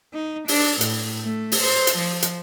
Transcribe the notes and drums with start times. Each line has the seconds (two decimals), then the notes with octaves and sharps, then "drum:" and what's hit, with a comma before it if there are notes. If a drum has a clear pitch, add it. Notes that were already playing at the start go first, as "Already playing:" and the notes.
0.13 D#4
0.48 D4, drum: open hi-hat
0.81 A2, drum: hi-hat
1.22 A3
1.52 drum: open hi-hat
1.62 C5
1.87 drum: hi-hat
1.97 F3
2.22 drum: hi-hat